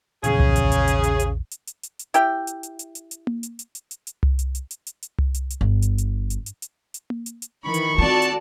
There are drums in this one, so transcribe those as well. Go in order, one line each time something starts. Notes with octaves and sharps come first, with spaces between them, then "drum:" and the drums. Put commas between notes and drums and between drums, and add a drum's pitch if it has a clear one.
A#1 E2 C#3 G#4, drum: hi-hat
drum: tom C2
drum: hi-hat
drum: hi-hat
drum: hi-hat
drum: hi-hat
drum: hi-hat
drum: hi-hat
drum: hi-hat
drum: hi-hat
drum: hi-hat
E4 G4 G5, drum: hi-hat
drum: hi-hat
drum: hi-hat
drum: hi-hat
drum: hi-hat
drum: hi-hat
drum: tom A#3
drum: hi-hat
drum: hi-hat
drum: hi-hat
drum: hi-hat
drum: hi-hat
drum: tom C2
drum: hi-hat
drum: hi-hat
drum: hi-hat
drum: hi-hat
drum: hi-hat
drum: tom C2
drum: hi-hat
drum: hi-hat
G1
drum: hi-hat
drum: hi-hat
drum: hi-hat
drum: hi-hat
drum: hi-hat
drum: hi-hat
drum: tom A#3
drum: hi-hat
drum: hi-hat
D#3 E3 B5 C#6
drum: hi-hat
C4 F4 F#4 A4 D5 A5
drum: hi-hat